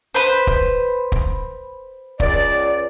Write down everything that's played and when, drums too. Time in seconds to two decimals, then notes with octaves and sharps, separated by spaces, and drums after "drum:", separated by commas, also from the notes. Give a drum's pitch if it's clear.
0.14 B4 C5
0.47 drum: kick
1.12 drum: kick
2.20 C#2 D5, drum: kick